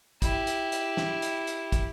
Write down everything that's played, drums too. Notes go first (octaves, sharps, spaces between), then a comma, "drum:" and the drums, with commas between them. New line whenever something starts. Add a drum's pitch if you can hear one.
E4 G4, drum: kick, hi-hat
drum: hi-hat
drum: hi-hat
drum: snare
drum: hi-hat
drum: hi-hat
drum: kick, hi-hat